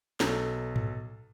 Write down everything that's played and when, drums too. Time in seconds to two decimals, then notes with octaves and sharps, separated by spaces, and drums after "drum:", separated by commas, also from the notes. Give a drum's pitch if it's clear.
0.20 B1 A4 A#5, drum: snare
0.76 drum: tom G#2